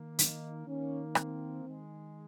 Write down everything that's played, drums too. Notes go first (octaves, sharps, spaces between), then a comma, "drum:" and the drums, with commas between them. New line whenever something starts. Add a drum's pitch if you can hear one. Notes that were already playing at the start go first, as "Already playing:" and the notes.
Already playing: D#3 A#3
D#4, drum: hi-hat
D#3 A#3 C#4
C4, drum: rim click
D#3 G#3